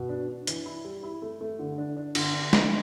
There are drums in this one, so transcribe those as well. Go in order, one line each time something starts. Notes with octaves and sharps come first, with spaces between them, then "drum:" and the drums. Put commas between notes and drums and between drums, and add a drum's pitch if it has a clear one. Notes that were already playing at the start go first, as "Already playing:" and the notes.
Already playing: B2
D4
D4
E3, drum: hi-hat
E4
G3
E4
A3
A3
D3
D4
D4
D3, drum: cymbal
D4
D4, drum: snare